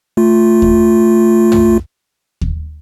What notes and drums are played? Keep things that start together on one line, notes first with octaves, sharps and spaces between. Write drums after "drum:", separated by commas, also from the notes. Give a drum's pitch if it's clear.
A3 F4
drum: kick D#2
drum: tom
drum: kick D#2